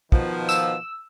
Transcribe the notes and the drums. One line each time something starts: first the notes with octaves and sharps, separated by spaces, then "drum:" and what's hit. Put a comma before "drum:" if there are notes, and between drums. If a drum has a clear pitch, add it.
B2 D#3 F3, drum: kick
E6, drum: tambourine